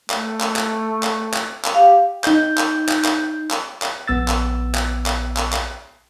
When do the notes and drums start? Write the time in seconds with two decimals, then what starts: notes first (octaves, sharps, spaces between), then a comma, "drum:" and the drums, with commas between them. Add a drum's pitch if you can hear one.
0.10 A3, drum: clap
0.41 drum: clap
0.56 drum: clap
1.03 drum: clap
1.34 drum: clap
1.65 drum: clap
1.74 G4 F5
2.24 D#4 G6, drum: clap
2.58 drum: clap
2.89 drum: clap
3.04 drum: clap
3.51 drum: clap
3.82 drum: clap
4.08 A#1 B3 E6 A6
4.28 drum: clap
4.75 drum: clap
5.06 drum: clap
5.37 drum: clap
5.52 drum: clap